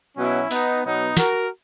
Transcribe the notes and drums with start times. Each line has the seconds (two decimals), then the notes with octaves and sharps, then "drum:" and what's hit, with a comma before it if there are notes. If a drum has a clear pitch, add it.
0.18 B2 F#3 C#4 E4
0.51 B3 D#4, drum: open hi-hat
0.83 B2 F#3 B3 D#4
1.17 F#4 A#4, drum: snare